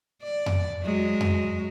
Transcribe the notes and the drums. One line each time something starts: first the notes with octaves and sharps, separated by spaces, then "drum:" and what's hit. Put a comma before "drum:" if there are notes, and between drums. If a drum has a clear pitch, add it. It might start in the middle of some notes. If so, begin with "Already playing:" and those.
D5
drum: tom F2
F#3 G#3
drum: tom F2